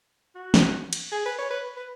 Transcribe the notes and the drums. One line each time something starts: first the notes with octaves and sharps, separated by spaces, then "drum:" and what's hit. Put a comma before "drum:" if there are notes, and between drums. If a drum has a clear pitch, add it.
F#4
drum: snare
drum: cymbal
G#4
B4
C#5
B4
B4